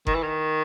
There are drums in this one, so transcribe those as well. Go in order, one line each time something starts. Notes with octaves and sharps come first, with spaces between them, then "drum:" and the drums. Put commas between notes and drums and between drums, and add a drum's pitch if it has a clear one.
D#3, drum: kick F#1
E3
D#3